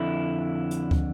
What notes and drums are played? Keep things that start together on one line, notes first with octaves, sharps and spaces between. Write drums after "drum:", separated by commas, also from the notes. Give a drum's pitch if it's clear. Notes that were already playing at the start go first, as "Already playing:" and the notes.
Already playing: F2 D3 E4
drum: hi-hat
drum: kick